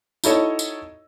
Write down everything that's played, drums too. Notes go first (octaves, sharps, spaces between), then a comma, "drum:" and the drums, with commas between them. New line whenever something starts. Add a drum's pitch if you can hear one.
D#4 E4 F#4 A4 C#5 D#5, drum: tambourine
drum: tambourine